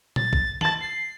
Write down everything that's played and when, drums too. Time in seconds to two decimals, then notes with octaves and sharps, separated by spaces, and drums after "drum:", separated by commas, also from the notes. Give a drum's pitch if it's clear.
0.16 A6, drum: tom A#2
0.33 drum: kick
0.61 A5 A6 F#7, drum: tom D#3
0.80 C7